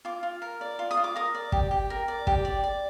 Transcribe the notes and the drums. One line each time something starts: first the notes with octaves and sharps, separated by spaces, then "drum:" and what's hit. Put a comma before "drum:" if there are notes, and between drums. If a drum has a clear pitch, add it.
F4 D6
F4
A#4
D5
F4
D#6
F4
D6
A#4 D#6
D5
G4, drum: kick
G4
A#4
D5
G4, drum: kick
D5
D5